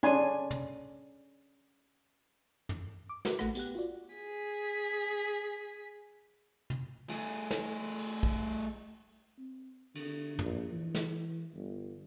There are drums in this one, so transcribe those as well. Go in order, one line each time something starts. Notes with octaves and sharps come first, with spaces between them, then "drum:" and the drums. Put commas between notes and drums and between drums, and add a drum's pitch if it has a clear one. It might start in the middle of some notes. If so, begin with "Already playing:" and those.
C#4 D4 G#5 C6, drum: rim click
drum: tom
drum: tom
D6
E4 F#4 A#4 B4, drum: snare
A1 A3 F#5 A#6, drum: rim click
B3 G4 F#6, drum: tambourine
F4 F#4 D5
G#4 B6
drum: tom
A3 G#4, drum: cymbal
drum: snare
drum: open hi-hat
drum: kick
C4
D3, drum: cymbal
A#1, drum: tom
E3
drum: snare
G1